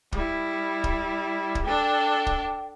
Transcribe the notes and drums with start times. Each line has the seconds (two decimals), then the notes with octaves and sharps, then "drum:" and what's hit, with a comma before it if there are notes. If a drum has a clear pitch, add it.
0.12 G3 E4, drum: kick
0.84 drum: kick
1.55 drum: kick
1.66 D4 A4 G5
2.27 drum: kick